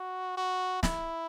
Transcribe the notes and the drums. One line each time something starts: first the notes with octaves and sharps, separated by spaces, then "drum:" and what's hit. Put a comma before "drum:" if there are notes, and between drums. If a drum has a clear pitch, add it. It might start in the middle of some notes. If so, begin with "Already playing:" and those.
Already playing: F#4
F#4
E4, drum: snare